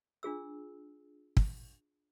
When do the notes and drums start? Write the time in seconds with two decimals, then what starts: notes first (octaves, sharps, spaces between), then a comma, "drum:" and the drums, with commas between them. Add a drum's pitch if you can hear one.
0.23 D4 F4 G#4 E6
1.37 drum: kick